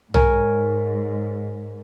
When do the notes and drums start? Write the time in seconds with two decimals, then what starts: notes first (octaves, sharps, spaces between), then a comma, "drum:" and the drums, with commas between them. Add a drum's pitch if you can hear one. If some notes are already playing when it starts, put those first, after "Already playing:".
0.14 G#2 A#4 C#5 G#5, drum: tom B1